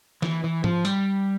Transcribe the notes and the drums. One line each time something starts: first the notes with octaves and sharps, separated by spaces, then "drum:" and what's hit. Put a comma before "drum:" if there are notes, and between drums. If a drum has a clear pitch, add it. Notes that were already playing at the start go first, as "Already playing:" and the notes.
E3, drum: snare
E3
F3, drum: tom G#2
G3, drum: hi-hat